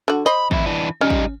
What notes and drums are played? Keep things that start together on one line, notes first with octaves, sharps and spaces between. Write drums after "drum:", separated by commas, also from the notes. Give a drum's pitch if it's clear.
D3 F#4
C5 D#5 B5
F2 E4, drum: kick
E3 D4
G3 C#4 D#4
drum: kick